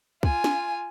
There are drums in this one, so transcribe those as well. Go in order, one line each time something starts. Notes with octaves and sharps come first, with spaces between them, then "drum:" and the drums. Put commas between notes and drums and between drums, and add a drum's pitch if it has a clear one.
F4 G#5, drum: kick
drum: snare